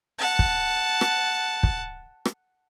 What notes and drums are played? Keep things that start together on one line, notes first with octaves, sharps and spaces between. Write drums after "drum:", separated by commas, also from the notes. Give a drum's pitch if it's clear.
F#5 A5
drum: kick
drum: rim click
drum: kick
drum: rim click